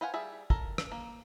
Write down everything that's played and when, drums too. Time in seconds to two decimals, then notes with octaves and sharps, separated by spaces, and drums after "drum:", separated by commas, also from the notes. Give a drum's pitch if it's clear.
0.01 B4 C5 F5 F#5 G#5
0.14 G3 G#4 E5
0.50 A4 A#4, drum: kick
0.78 drum: rim click
0.92 A#3